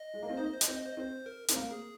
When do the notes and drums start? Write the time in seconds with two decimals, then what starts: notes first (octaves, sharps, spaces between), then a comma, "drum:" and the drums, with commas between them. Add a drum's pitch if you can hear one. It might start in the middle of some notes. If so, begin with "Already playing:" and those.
Already playing: D#5
0.14 G#3
0.22 A#3
0.30 C4
0.37 D#4 C5
0.45 D#5
0.53 C5
0.61 D#5, drum: hi-hat
0.68 C4 C5
0.77 D#5
0.85 C5
0.92 D#5
0.97 C4 C5
1.26 A#4
1.48 C4 A#4, drum: hi-hat
1.56 A#3
1.71 G#4